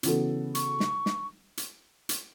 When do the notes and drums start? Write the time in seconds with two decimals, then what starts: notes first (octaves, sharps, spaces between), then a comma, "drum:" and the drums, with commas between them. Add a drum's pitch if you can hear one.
0.03 C#3 E3 B3 F#4 A4, drum: hi-hat
0.55 C#6, drum: hi-hat
0.80 drum: snare
1.06 drum: snare
1.57 drum: hi-hat
2.09 drum: hi-hat